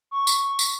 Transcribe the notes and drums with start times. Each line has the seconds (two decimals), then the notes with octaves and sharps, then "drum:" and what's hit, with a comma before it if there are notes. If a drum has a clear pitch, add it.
0.11 C#6
0.27 drum: tambourine
0.59 drum: tambourine